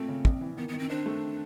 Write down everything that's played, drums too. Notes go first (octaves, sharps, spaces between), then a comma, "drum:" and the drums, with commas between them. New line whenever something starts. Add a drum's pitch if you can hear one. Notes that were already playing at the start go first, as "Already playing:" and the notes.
Already playing: A#2 A3 C4
C#3
A#1, drum: kick
E3
D#3 B3
B3
D#3
C4
C4 D4
A3